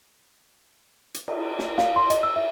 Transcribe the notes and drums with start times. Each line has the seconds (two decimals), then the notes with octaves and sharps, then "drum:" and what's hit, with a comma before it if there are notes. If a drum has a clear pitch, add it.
1.14 drum: hi-hat
1.28 drum: cymbal
1.59 drum: snare
1.78 F5, drum: snare
1.96 C6
2.10 D#5, drum: hi-hat
2.23 E6
2.36 E5